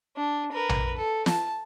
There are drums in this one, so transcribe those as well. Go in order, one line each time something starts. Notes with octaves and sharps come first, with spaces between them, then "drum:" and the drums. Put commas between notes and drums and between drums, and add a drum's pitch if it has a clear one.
D4
A#4 B4
drum: tom A#1
A4
A5, drum: snare